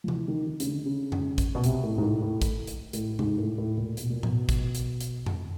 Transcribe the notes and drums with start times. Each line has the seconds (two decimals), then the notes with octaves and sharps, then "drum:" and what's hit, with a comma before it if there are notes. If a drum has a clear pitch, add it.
0.04 F3
0.08 E3, drum: tom C3
0.28 D#3
0.47 D#3
0.60 C#3, drum: hi-hat
0.67 D3
0.86 C#3
1.12 drum: tom F2
1.38 drum: kick, hi-hat
1.55 B2
1.64 C3, drum: hi-hat
1.83 A2
1.98 G#2
2.03 A2
2.22 A2
2.42 drum: kick, hi-hat
2.67 drum: hi-hat
2.93 A2, drum: hi-hat
3.19 G#2, drum: tom C3
3.38 A2
3.58 A2
3.77 A#2
3.97 B2, drum: hi-hat
4.10 A#2
4.23 B2, drum: tom A2
4.49 drum: kick, hi-hat
4.75 drum: hi-hat
5.01 drum: hi-hat
5.26 drum: tom F2